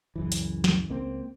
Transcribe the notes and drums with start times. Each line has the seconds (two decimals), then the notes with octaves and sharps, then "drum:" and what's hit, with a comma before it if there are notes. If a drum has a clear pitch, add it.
0.16 C#2 F#2 E3
0.32 drum: hi-hat
0.64 drum: snare
0.89 C#2 A#3 C4